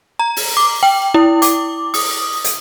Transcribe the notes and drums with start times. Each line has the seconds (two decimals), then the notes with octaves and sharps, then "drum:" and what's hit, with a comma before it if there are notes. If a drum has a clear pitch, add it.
0.19 A#5
0.36 drum: open hi-hat
0.57 D6
0.83 G5
1.14 E4
1.42 D6, drum: hi-hat
1.94 D#6, drum: open hi-hat
2.44 drum: hi-hat